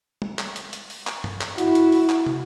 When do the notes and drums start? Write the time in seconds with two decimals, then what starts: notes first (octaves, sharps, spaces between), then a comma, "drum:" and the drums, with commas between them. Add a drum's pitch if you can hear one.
0.22 drum: tom
0.39 drum: clap
0.56 drum: hi-hat
0.73 drum: hi-hat
0.90 drum: open hi-hat
1.07 drum: clap
1.24 drum: tom G2
1.41 drum: clap
1.58 E4 F#4, drum: hi-hat
1.75 drum: hi-hat
1.92 drum: open hi-hat
2.09 drum: clap
2.26 drum: tom